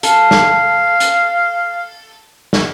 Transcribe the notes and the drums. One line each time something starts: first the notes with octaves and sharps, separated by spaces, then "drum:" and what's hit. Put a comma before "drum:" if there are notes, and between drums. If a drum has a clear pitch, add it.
A4 F5, drum: hi-hat
drum: snare
drum: hi-hat
drum: snare